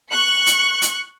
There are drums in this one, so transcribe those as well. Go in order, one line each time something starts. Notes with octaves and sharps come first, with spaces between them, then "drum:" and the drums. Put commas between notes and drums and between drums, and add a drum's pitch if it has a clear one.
C#6 F#6 C#7
drum: hi-hat
drum: hi-hat